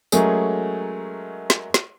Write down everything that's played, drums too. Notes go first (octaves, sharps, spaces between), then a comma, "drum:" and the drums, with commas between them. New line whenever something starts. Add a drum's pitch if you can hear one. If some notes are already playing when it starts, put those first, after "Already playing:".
F#3 G#3 A3 C#4 G#4 A#4, drum: tambourine
drum: snare
drum: snare